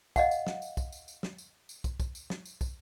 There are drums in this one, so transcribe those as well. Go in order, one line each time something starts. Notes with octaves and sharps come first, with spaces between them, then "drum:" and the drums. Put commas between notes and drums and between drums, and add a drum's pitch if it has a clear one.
D#5 F5 F#5, drum: kick, tambourine
drum: tambourine
drum: snare
drum: tambourine
drum: kick, tambourine
drum: tambourine
drum: tambourine
drum: snare
drum: tambourine
drum: tambourine
drum: kick, tambourine
drum: kick, tambourine
drum: tambourine
drum: snare
drum: tambourine
drum: kick, tambourine